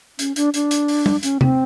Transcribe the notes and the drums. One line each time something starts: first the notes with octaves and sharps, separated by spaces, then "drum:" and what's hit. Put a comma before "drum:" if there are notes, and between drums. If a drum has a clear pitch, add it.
C#4, drum: hi-hat
D4, drum: hi-hat
D4, drum: hi-hat
drum: hi-hat
drum: open hi-hat
drum: tom
C#4, drum: hi-hat
C4, drum: tom C3